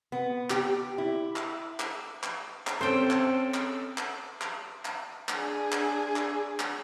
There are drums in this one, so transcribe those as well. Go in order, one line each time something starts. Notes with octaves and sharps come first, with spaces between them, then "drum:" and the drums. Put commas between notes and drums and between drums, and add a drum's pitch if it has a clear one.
B3
G4, drum: clap
E4
drum: clap
drum: clap
drum: clap
drum: clap
C4 C#4 A4 C5 G5
drum: clap
drum: clap
drum: clap
drum: clap
drum: clap
D4 G#4, drum: clap
drum: clap
drum: clap
drum: clap